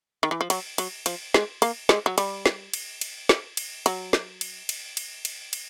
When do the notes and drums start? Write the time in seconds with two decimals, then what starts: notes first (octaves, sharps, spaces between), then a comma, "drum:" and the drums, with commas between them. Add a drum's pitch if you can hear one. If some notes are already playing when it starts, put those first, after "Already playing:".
0.23 D#3
0.31 E3
0.41 F3
0.50 F#3, drum: cymbal
0.78 F#3, drum: cymbal
1.06 F3, drum: cymbal
1.34 G#3, drum: snare
1.62 A#3, drum: cymbal
1.89 G#3, drum: snare
2.06 F#3
2.18 G3, drum: cymbal
2.46 drum: snare
2.73 drum: cymbal
3.01 drum: cymbal
3.29 drum: snare
3.57 drum: cymbal
3.86 F#3, drum: cymbal
4.13 drum: snare
4.41 drum: cymbal
4.69 drum: cymbal
4.97 drum: cymbal
5.25 drum: cymbal
5.53 drum: cymbal